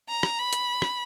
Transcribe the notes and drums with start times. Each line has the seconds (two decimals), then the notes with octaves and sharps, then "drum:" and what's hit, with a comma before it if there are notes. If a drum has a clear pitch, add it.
0.08 A#5
0.23 drum: rim click
0.38 B5
0.53 drum: hi-hat
0.82 drum: rim click